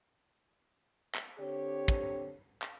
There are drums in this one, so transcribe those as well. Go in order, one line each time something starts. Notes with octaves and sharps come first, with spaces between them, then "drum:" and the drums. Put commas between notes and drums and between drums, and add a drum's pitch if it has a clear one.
drum: clap
D3 C4 G4 C#5
drum: kick
drum: clap